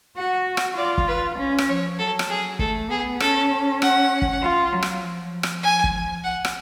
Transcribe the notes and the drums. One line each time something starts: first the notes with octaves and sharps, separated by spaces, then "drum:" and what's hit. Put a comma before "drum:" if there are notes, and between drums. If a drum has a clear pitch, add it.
F#4 F#5
drum: rim click
F4 D5
drum: kick
B4
C#4
drum: rim click
F3 C#5
F#3 A4
drum: rim click
F#3 G#4
A3 A4, drum: kick
B3 G#4
C#4 A4, drum: rim click
F#5, drum: rim click
drum: kick
F4
F#3
drum: rim click
F3
drum: rim click
G#5
drum: kick
F#5
drum: rim click